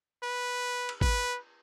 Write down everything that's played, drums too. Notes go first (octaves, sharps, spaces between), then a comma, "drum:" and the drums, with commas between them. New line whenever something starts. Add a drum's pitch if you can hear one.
B4
drum: cymbal
B4, drum: kick G#1